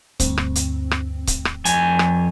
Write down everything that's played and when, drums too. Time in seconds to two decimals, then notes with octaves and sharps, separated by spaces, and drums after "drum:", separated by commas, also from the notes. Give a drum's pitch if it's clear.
0.20 D2 G2 C4, drum: kick C#1, hi-hat
0.38 drum: rim click
0.55 drum: hi-hat
0.91 drum: rim click
1.27 drum: kick C#1, hi-hat
1.45 drum: rim click
1.65 F2 G#5, drum: hi-hat
1.99 drum: rim click